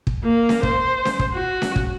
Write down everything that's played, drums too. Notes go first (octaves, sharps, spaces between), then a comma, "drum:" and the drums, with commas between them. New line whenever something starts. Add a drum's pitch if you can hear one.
drum: kick
A#3
drum: snare C#4
C5, drum: kick
drum: snare C#4
drum: kick
F#4
drum: snare C#4
drum: kick